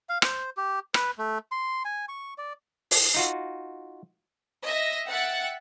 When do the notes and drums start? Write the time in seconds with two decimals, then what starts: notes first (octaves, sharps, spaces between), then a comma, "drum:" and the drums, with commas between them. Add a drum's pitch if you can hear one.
0.09 F5
0.22 C5, drum: rim click
0.57 G4
0.94 B4, drum: rim click
1.18 A3
1.52 C6
1.85 G#5
2.09 C#6
2.38 D5
2.91 drum: open hi-hat
3.14 D#4 F4 F#4
4.63 D#5 E5 A#6
5.08 E5 F#5 G5 F#6 A6 C#7